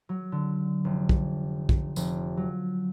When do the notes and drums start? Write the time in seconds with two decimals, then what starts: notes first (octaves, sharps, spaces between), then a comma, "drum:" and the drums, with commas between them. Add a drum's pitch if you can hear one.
0.09 F#3
0.32 D3
0.85 F1
1.09 drum: kick
1.69 drum: kick
1.96 F1, drum: tambourine
2.37 F#3